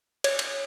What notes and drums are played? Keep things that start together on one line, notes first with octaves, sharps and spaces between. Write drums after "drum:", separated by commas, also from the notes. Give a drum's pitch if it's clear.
C#5, drum: cymbal
drum: cymbal